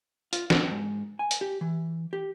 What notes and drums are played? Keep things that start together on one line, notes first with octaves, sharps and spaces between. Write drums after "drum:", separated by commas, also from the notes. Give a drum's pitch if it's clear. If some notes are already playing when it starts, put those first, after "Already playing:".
F4, drum: hi-hat
D4, drum: snare
G#2
G#5
drum: hi-hat
G4
E3
G4